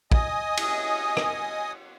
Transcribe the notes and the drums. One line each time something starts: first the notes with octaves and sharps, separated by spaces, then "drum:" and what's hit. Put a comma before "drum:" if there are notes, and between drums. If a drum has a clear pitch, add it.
D#5 G#5 D#6, drum: kick
drum: cymbal
drum: rim click